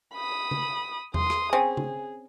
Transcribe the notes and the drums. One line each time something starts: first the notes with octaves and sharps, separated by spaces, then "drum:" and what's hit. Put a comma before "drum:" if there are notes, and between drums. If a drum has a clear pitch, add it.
B5 D#6
drum: tom C#3
C6 D#6, drum: tom E2
drum: rim click
C4 C#4 G#4
drum: tom C#3